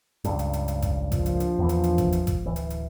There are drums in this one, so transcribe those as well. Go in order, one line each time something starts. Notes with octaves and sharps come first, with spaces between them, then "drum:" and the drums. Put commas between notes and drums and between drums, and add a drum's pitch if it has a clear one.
C#2 G2, drum: hi-hat
drum: hi-hat
drum: hi-hat
drum: hi-hat
drum: kick G#1, hi-hat
A#1 F3, drum: kick G#1, hi-hat
drum: hi-hat
drum: hi-hat
E2 E3
drum: hi-hat
drum: hi-hat
drum: kick G#1, hi-hat
drum: hi-hat
drum: kick G#1, hi-hat
D1 E3
drum: hi-hat
drum: hi-hat